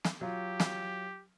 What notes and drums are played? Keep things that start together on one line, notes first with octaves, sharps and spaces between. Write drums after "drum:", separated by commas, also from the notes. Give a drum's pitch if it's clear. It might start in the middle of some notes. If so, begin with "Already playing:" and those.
drum: snare
F#3 F4 G4
drum: snare